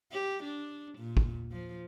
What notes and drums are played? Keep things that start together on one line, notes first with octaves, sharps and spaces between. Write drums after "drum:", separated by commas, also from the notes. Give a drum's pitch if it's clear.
G4
D4
A#2
drum: kick
F3